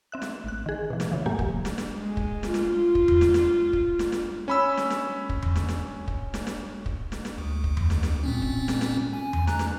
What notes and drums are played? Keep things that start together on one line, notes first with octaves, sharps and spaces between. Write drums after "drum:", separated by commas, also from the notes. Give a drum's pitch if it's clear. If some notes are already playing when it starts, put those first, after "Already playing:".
C4 E5 F#6
drum: snare
A1 F#6
D#3 G#4
B2 E3
drum: snare
C#3 E3 F3
A2 F#3 A#3 G4 G#5
drum: kick
drum: snare
drum: snare
G#3
drum: kick
drum: snare
F4, drum: snare
drum: kick
drum: tom E2
drum: snare
drum: snare
drum: kick
drum: snare
drum: snare
C#4 B5 E6
drum: snare
drum: snare
drum: kick
drum: tom E2
drum: snare
drum: snare
drum: kick
drum: snare
drum: snare
drum: kick
drum: snare
drum: snare
D2
drum: kick
drum: tom E2
drum: snare
drum: snare
A#2 C4 C#4
drum: kick
drum: snare
drum: snare
G#5
drum: tom E2
A#5 F#6, drum: snare
drum: snare